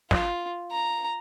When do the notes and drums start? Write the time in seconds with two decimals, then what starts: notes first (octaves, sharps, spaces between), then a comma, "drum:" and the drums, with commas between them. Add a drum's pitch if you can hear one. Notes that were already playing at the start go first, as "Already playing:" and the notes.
0.11 F4, drum: snare
0.72 A#5